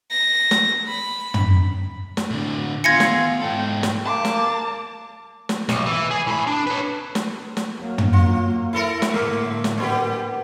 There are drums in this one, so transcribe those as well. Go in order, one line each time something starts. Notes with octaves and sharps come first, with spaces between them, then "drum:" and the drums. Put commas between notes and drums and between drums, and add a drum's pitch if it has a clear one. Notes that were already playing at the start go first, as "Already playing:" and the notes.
A#6
drum: snare
B5
drum: tom
drum: snare
A2 D3
B3 F4 G#5 G#6 A#6 C#7
drum: snare
G#2 A4 G5
drum: snare
A#3 A5 D6
drum: snare
drum: snare
B1, drum: snare
E3
G#4
A2 B5
D4
B4 C#5
drum: snare
drum: snare
F#3 A#3
drum: tom
F4
E4 A4 A#4
drum: snare
A2 D3 G#3 A#3
drum: snare
F#3 B3 G4